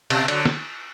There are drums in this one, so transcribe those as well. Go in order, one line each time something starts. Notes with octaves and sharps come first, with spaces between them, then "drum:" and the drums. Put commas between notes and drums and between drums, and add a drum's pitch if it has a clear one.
B2, drum: cymbal
D3 F#3, drum: cymbal
drum: snare